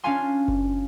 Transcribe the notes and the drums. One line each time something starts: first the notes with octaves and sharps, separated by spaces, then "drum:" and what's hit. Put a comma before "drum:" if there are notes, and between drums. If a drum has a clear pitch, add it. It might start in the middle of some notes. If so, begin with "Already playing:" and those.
C#4 D4 F4 F5 G#5 C6
drum: kick F#1